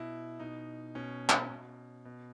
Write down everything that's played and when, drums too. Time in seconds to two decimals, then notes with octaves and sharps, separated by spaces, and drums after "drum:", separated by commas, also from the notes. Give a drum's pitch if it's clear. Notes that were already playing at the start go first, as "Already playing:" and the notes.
Already playing: B2 E4
0.40 B2 D#4
0.95 B2 C#4
1.29 drum: clap
1.50 B2
2.05 B2